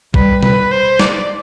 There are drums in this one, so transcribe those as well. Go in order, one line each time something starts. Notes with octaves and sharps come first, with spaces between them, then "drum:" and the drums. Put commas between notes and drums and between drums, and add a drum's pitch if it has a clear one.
G3 B4, drum: kick
B4, drum: tom B2
C5
D5, drum: snare